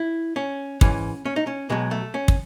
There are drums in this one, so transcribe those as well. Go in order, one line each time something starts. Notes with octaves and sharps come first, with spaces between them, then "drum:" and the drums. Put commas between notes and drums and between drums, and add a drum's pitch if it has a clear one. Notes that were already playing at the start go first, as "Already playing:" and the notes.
Already playing: E4
C#4
G#2 E3 C#4, drum: kick
C#4
D#4
C#4
B1 B2 F#3 G#3
A3
C#4
drum: kick